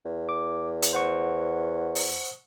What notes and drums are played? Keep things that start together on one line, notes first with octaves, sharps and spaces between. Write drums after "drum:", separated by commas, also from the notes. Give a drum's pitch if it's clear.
E2
D6
drum: hi-hat
C5 F#5 C#6
drum: open hi-hat